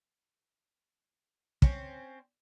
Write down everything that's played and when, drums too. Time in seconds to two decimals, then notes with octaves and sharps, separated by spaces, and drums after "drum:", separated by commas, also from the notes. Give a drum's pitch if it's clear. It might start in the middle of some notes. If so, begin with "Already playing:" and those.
1.62 C4 C#4, drum: kick